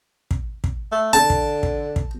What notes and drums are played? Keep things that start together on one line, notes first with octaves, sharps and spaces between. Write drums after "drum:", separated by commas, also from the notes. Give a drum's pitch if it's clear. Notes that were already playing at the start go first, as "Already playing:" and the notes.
drum: kick
drum: kick
A3
D3 A5
drum: kick
drum: kick
drum: kick